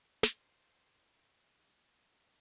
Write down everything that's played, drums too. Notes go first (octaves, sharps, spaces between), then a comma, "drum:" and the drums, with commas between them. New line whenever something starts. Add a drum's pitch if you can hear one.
C5, drum: snare